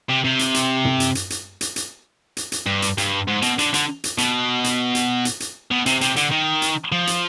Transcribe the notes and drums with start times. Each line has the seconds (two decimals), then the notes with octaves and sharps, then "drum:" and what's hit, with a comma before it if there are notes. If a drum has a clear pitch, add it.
0.09 C3
0.24 C3
0.39 drum: hi-hat
0.54 drum: hi-hat
0.85 drum: tom
1.00 drum: hi-hat
1.15 drum: hi-hat
1.30 drum: hi-hat
1.61 drum: hi-hat
1.76 drum: hi-hat
2.37 drum: hi-hat
2.52 drum: hi-hat
2.66 G2
2.82 drum: hi-hat
2.98 G2, drum: hi-hat
3.28 G#2
3.42 B2, drum: hi-hat
3.59 D3, drum: hi-hat
3.74 D3, drum: hi-hat
4.04 drum: hi-hat
4.18 B2, drum: hi-hat
4.64 drum: hi-hat
4.95 drum: hi-hat
5.25 drum: hi-hat
5.40 drum: hi-hat
5.71 B2
5.86 C3, drum: hi-hat
6.01 C3, drum: hi-hat
6.16 D3, drum: hi-hat
6.31 D#3
6.62 drum: hi-hat
6.92 F3
7.07 drum: hi-hat